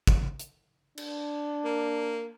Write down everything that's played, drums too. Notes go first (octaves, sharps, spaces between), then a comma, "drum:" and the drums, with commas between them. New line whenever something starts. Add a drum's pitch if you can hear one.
drum: kick
drum: hi-hat
D4, drum: cymbal
A#3